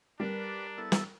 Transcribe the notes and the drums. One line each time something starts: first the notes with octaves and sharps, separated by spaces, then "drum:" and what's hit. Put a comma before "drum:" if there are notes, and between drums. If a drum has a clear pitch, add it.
G3 D4 A#4 B4 D5
B3 E4 A4
drum: snare